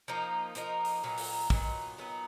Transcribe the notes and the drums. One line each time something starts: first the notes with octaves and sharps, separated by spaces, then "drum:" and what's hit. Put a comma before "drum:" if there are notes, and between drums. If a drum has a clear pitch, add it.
F3 A#3 D#4
F3 A#3 D#4, drum: hi-hat
drum: open hi-hat
A#2 F#3 B3 D#4
drum: open hi-hat
A#2 F#3 B3 D#4, drum: kick
A#2 F#3 B3 D#4